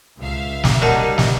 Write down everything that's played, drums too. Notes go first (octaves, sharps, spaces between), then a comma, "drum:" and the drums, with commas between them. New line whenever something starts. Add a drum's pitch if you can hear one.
C#2 E5 F5
drum: snare
F#3 G3 D#4 A#4 F#5 A5
drum: snare